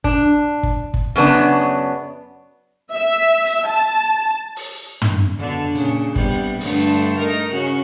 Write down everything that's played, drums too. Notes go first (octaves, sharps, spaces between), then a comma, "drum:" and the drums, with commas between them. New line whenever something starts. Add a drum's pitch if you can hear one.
D4, drum: kick
drum: kick
drum: kick
F#2 C#3 B3 D4
E5
drum: hi-hat
A5
drum: open hi-hat
drum: tom
B2 D3 D4
A#2 C#3, drum: hi-hat
C3 G3 B3, drum: kick
G2 D3 A3, drum: open hi-hat
A3 D#4 A#4
C#3 C#4 F#4